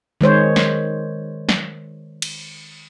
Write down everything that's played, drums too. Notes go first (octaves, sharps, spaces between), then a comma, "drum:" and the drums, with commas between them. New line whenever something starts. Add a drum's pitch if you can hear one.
D#3 G#3 C5 C#5
drum: snare
drum: snare
drum: cymbal